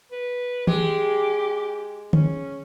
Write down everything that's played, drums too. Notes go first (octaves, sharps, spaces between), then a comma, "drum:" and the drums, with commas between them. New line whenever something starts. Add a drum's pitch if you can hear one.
B4
G#3 G4, drum: tom
C#4, drum: tom D3